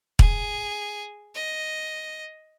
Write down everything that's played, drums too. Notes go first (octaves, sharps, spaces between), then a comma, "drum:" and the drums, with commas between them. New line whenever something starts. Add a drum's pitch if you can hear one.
G#4, drum: kick
D#5